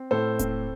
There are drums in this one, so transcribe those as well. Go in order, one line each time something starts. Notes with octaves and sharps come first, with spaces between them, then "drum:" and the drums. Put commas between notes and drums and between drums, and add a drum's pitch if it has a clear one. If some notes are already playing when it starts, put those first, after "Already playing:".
Already playing: C4
A2 A4 C5
C4, drum: kick D#1, hi-hat